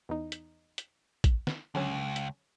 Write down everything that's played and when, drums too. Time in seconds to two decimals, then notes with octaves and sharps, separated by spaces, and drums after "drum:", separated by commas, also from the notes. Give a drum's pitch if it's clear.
0.09 E2 D#4
0.32 drum: hi-hat
0.78 drum: hi-hat
1.24 drum: kick, hi-hat
1.47 drum: snare
1.75 C#2 D3 F#3 C#4
2.16 drum: hi-hat